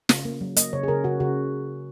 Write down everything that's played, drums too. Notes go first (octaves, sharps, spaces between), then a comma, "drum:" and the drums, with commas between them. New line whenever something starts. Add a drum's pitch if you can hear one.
C#3, drum: snare
A#3
F#3
A#3 D#5, drum: hi-hat
C#3 C#5
G#4
C#3 A#4
C#3 F#4
C#3 F#4